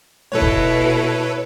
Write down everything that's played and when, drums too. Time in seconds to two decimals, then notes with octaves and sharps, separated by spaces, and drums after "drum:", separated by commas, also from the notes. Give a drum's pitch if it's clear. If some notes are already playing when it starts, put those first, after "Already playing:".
0.32 B2 E4 A4 B4 C#5
0.42 drum: kick